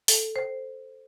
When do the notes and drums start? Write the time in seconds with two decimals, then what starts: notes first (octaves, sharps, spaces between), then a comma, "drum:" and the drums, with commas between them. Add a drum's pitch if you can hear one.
0.08 A4, drum: open hi-hat
0.36 C5